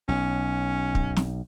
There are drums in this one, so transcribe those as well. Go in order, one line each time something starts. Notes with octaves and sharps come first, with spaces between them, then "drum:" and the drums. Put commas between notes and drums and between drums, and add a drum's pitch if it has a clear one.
B1 C#4
drum: kick
drum: snare